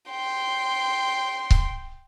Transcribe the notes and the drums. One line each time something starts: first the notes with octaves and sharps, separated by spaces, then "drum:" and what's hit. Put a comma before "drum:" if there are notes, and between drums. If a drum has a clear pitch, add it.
G5 C6
drum: kick C#1